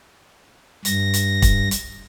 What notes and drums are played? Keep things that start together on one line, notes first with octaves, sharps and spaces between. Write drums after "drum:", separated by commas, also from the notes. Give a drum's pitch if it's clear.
G2 A#6, drum: hi-hat
drum: hi-hat
drum: kick, hi-hat
drum: hi-hat